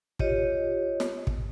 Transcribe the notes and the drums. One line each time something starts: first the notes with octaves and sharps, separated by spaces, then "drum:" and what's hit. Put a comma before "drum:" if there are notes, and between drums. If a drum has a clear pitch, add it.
F4 G4 C#5 D#5, drum: kick
drum: snare
drum: kick